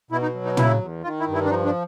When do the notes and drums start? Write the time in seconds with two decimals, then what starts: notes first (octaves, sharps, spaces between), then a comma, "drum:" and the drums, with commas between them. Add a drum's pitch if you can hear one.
0.11 B2 E4
0.22 D#4
0.34 F#3
0.46 D#4
0.57 C#3 E4, drum: tom
0.81 E2
1.04 D#3 F4
1.20 E4
1.28 G2
1.34 E4
1.45 D4
1.50 F3 D#4
1.66 D4